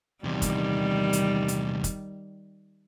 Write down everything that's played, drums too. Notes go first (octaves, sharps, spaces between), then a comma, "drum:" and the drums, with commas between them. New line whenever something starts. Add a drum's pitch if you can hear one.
E2 C3 D#3 G3
drum: kick, hi-hat
drum: hi-hat
drum: hi-hat
drum: kick, hi-hat